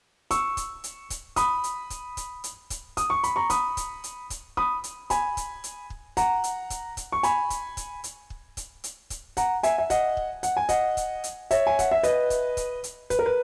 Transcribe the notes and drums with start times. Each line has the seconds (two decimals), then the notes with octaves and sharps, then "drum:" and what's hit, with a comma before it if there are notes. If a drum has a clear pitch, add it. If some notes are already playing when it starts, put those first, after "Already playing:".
0.31 C#6 E6, drum: kick, hi-hat
0.57 drum: kick, hi-hat
0.84 drum: hi-hat
1.10 drum: kick, hi-hat
1.36 B5 D#6, drum: kick, hi-hat
1.64 drum: hi-hat
1.90 drum: kick, hi-hat
2.17 drum: kick, hi-hat
2.44 drum: hi-hat
2.70 drum: kick, hi-hat
2.97 D#6, drum: kick, hi-hat
3.10 C#6
3.24 B5, drum: hi-hat
3.36 A#5 C#6
3.50 B5 D#6, drum: kick, hi-hat
3.77 drum: kick, hi-hat
4.04 drum: hi-hat
4.30 drum: kick, hi-hat
4.57 B5 D#6, drum: kick
4.84 drum: hi-hat
5.10 G#5 B5, drum: kick, hi-hat
5.37 drum: kick, hi-hat
5.64 drum: hi-hat
5.90 drum: kick
6.17 F#5 A#5, drum: kick, hi-hat
6.44 drum: hi-hat
6.70 drum: kick, hi-hat
6.97 drum: kick, hi-hat
7.12 C#6
7.23 G#5 B5, drum: hi-hat
7.50 drum: kick, hi-hat
7.77 drum: kick, hi-hat
8.04 drum: hi-hat
8.30 drum: kick
8.57 drum: kick, hi-hat
8.84 drum: hi-hat
9.10 drum: kick, hi-hat
9.37 F#5 A#5, drum: kick, hi-hat
9.63 E5 G#5, drum: hi-hat
9.78 E5
9.90 D#5 F#5, drum: kick, hi-hat
10.17 drum: kick
10.43 F#5, drum: hi-hat
10.57 G#5
10.69 D#5 F#5, drum: kick, hi-hat
10.97 drum: kick, hi-hat
11.24 drum: hi-hat
11.51 C#5 E5, drum: kick, hi-hat
11.67 G#5
11.79 F#5, drum: kick, hi-hat
11.92 E5
12.03 B4 D#5, drum: hi-hat
12.30 drum: kick, hi-hat
12.57 drum: kick, hi-hat
12.84 drum: hi-hat
13.10 B4, drum: kick, hi-hat
13.19 A#4
13.26 B4